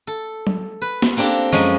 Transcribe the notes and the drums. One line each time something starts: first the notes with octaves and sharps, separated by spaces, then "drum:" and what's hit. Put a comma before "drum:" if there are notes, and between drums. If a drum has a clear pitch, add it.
A4
drum: tom F#3
B4
drum: snare
A#3 C4 D4 G4 A4
F#2 F3 G#3 C#4